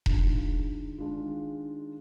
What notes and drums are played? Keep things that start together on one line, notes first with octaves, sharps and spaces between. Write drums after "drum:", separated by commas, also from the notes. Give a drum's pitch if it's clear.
D#3 G#3 D4 F4, drum: kick E1
D#3 G#3 D4 F4